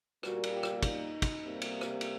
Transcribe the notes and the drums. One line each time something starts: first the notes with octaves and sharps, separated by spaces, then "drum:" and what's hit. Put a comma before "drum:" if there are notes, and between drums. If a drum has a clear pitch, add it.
A#2 G3 A#3 F#4, drum: rim click
drum: cymbal
G4
drum: rim click
D#4, drum: kick, cymbal
drum: kick, cymbal
C3 G3 A#3
drum: cymbal
drum: rim click
drum: cymbal